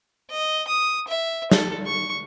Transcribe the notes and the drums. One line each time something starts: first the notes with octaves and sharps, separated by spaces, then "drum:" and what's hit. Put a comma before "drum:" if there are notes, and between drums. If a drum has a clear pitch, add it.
D#5
D#6
E5
A4, drum: snare
C#6